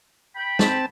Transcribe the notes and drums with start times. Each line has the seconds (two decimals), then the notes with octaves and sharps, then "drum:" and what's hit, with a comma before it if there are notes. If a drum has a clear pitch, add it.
0.36 G5 B5
0.59 C4 A5, drum: snare